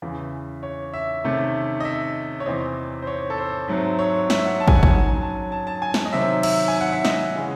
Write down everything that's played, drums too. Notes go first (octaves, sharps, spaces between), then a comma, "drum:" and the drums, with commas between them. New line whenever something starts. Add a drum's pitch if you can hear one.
E2 C#3 E3
C#5
E5
C3 D#3 A3 C#4
D#5
E5
C#5
E2 C3 E3 C4 D#5
C5
C#5
A4
C5
G#2 F#3 A3 C4
C#5
E5, drum: snare
F#5
A5
G#5, drum: kick
F#5
G#5, drum: kick
G#2 F#3 C#4
A5
A5
A5
G#5
drum: snare
D#5
C3 D#3 F#3 C4 E5
E5, drum: cymbal
G#5
F#5
E5
D#5, drum: snare
C#3 E3 G#3 C#4